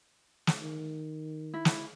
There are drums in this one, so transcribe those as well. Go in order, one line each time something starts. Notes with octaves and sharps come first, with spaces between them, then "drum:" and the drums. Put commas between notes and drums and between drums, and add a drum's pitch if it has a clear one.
drum: snare
D#3
E4
drum: snare